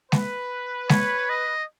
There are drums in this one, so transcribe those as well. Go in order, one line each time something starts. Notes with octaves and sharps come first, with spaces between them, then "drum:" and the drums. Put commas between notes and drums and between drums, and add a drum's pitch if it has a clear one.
B4, drum: snare G#3
C#5, drum: snare G#3
D#5